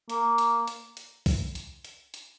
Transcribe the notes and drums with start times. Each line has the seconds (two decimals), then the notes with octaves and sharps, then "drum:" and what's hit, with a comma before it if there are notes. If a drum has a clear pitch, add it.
0.10 A#3, drum: hi-hat
0.38 drum: hi-hat
0.68 drum: hi-hat
0.97 drum: hi-hat
1.26 drum: kick, open hi-hat
1.55 drum: hi-hat
1.85 drum: hi-hat
2.14 drum: hi-hat